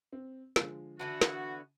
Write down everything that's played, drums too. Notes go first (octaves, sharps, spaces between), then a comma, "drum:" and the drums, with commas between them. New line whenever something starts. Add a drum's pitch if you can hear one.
C4
D3 F3 G#3, drum: snare
D3 E3 B3 F#4 A5
drum: snare